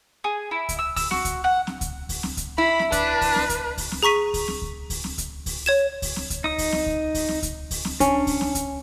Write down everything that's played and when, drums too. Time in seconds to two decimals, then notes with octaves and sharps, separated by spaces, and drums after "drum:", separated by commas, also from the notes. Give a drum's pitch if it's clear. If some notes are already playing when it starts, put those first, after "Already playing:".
0.24 G#4
0.51 E4
0.69 drum: kick C#2, hi-hat
0.79 E6
0.96 E6, drum: kick C#2, open hi-hat
1.11 F#4, drum: snare C4
1.25 drum: kick C#2, hi-hat
1.44 F#5
1.67 drum: snare C4
1.81 drum: kick C#2, hi-hat
2.09 drum: kick C#2, open hi-hat
2.23 drum: snare C4
2.37 drum: kick C#2, hi-hat
2.58 E4 B5
2.79 drum: snare C4
2.92 D4 B4, drum: kick C#2, hi-hat
3.21 drum: kick C#2, open hi-hat
3.35 drum: snare C4
3.49 drum: kick C#2, hi-hat
3.78 drum: kick C#2, open hi-hat
3.92 drum: snare C4
4.03 G#4 A#5 C#6 B6 D#7
4.34 drum: kick C#2, open hi-hat
4.48 drum: snare C4
4.62 drum: kick C#2
4.90 drum: kick C#2, open hi-hat
5.04 drum: snare C4
5.18 drum: kick C#2, hi-hat
5.46 drum: kick C#2, open hi-hat
5.66 C#5 G#6 E7
6.02 drum: kick C#2, open hi-hat
6.16 drum: snare C4
6.30 drum: kick C#2, hi-hat
6.44 D#4 D#6
6.58 drum: kick C#2, open hi-hat
6.72 drum: snare C4
6.86 drum: kick C#2
7.14 drum: kick C#2, open hi-hat
7.29 drum: snare C4
7.43 drum: kick C#2, hi-hat
7.71 drum: kick C#2, open hi-hat
7.85 drum: snare C4
8.00 C#4 D4, drum: kick C#2, hi-hat
8.27 drum: kick C#2, open hi-hat
8.41 drum: snare C4
8.55 drum: kick C#2, hi-hat